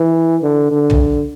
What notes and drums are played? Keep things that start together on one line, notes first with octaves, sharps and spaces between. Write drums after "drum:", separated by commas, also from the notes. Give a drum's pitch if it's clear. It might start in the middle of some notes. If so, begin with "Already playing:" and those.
Already playing: E3
D3
D3
drum: tom